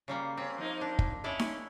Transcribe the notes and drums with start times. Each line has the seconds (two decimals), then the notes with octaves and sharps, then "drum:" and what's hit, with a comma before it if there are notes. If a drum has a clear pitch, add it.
0.08 C#3 G3 A#3
0.37 C4 C#4
0.58 F3 A#3 D#4
0.81 D4
0.99 drum: kick
1.24 G#3 C#4 E4 D5
1.39 drum: snare D#4